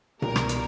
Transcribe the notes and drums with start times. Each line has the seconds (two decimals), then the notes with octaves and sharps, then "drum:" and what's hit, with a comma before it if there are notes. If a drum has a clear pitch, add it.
0.22 C2 B2 G3 A#3 A#4, drum: tom A#2
0.36 drum: rim click
0.49 drum: hi-hat